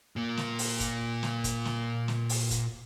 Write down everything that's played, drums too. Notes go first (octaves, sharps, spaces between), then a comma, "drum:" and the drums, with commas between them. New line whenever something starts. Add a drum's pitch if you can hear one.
A#2 A#3
drum: snare
drum: open hi-hat
drum: kick, hi-hat
drum: snare
drum: kick, hi-hat
drum: snare
drum: snare
drum: open hi-hat
drum: kick, hi-hat